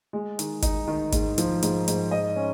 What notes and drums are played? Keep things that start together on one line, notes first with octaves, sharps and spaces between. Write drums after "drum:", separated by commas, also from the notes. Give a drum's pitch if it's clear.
G#3
D#3, drum: hi-hat
D#4, drum: kick G1, hi-hat
D#3
G#2, drum: kick G1, hi-hat
F3, drum: hi-hat
G#2, drum: hi-hat
G#2, drum: hi-hat
D#5
C#4